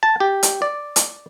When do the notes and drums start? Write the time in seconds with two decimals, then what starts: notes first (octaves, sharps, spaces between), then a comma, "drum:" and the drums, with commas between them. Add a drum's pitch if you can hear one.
0.03 A5
0.20 G4
0.43 drum: hi-hat
0.62 D5
0.96 drum: hi-hat